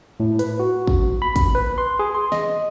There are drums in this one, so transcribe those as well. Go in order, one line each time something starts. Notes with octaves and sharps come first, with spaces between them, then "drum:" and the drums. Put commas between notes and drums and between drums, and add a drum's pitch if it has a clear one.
A2
B4, drum: hi-hat
F#4
drum: kick
B5
drum: kick, hi-hat
B4
C6
G#4
C6
D#5, drum: snare